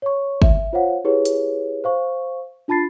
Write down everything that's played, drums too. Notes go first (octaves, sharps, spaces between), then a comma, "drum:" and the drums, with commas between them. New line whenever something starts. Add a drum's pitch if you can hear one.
C#5 C#6
E5, drum: kick G1
F4 C5 C#5 F5 F#5
E4 G4 G#4 B4 C#5
drum: hi-hat
C5 F5 C#6
D4 F4 A5 B5 A6 C7